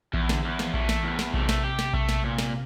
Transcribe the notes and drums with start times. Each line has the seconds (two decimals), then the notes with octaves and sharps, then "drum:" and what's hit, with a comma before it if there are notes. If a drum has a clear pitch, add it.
0.14 E2 E3, drum: kick A#1
0.29 D3, drum: snare
0.44 E2 E3
0.59 F3, drum: snare
0.74 E3 A3, drum: kick A#1
0.89 drum: snare
1.04 E2
1.19 drum: snare
1.34 C3 A3, drum: kick A#1
1.49 drum: snare
1.64 G4
1.79 drum: snare
1.94 A3, drum: kick A#1
2.09 drum: snare
2.24 A#2
2.39 drum: snare